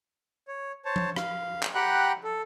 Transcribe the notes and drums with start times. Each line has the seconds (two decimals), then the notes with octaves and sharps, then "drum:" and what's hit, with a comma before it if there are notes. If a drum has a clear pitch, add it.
0.48 C#5
0.85 C5 C#5 A5
0.96 drum: tom F3
1.16 F5, drum: rim click
1.63 drum: clap
1.75 G4 F#5 G5 A#5 B5 F#6
2.24 A4